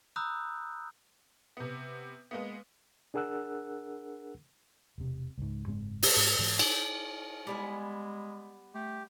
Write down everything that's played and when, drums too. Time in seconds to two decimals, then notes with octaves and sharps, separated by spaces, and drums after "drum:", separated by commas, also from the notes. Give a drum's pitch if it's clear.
0.16 A#5 B5 D#6 E6 F#6 G6
1.57 C3 B3
2.31 G#3 A#3 B3
3.14 D4 G#4 A#4 F#5 E6 F#6
4.98 E1 C3
5.38 C#2 G#2
5.66 F#1 G#2 G#3 C4
6.03 drum: open hi-hat
6.16 G#2
6.39 G#2 E3
6.59 drum: cymbal
7.47 G3 G#3 B3 G#5
8.74 A3 G4